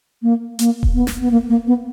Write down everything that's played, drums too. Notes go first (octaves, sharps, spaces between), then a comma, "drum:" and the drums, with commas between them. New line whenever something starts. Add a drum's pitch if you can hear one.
A#3
A#3, drum: hi-hat
drum: kick D#1
B3
drum: snare
B3
A#3
A#3
B3